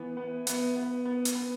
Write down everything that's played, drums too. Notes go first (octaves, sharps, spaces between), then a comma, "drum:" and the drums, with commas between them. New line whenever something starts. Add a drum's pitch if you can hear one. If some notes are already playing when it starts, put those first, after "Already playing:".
Already playing: E3 B3
B3
B3, drum: hi-hat
B3
B3
drum: hi-hat
B3